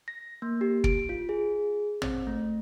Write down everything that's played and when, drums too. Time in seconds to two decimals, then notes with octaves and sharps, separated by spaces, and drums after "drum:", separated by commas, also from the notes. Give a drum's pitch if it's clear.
0.08 A#6
0.42 A#3
0.61 G4
0.84 D7, drum: kick
1.09 F4
1.29 G#4
2.02 C4, drum: tom
2.27 A3